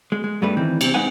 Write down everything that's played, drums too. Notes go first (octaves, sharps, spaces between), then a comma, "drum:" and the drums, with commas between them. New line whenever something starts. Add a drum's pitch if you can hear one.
G#3
G#3
G2 G3 A3 B4
D#3 E3 C4
C3 C4, drum: cymbal
G#3 C4 D#4 B4 F#5 G#5